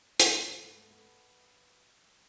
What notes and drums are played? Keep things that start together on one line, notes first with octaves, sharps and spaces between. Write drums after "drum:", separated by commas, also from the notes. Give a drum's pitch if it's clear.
C#3, drum: hi-hat
D3
B3
A3
B3